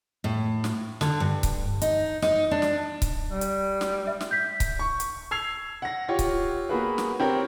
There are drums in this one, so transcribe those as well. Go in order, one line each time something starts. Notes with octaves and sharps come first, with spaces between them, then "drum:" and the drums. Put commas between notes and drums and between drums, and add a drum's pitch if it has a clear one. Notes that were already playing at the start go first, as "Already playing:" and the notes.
A2
drum: snare
D3, drum: snare
G2
drum: kick C#1, hi-hat
D#4, drum: hi-hat
D#4, drum: snare
D4
drum: snare
drum: kick C#1, hi-hat
G3
drum: hi-hat
drum: snare
E5
drum: snare
G6 B6
drum: kick C#1, hi-hat
C#6
drum: hi-hat
E6 G#6 C7 F7
F#5 A#6
F4 G4 C#5
drum: kick C#1, hi-hat
A#3 B3 F#4 G#4 B4
drum: snare
C4 G4 A#4 C#5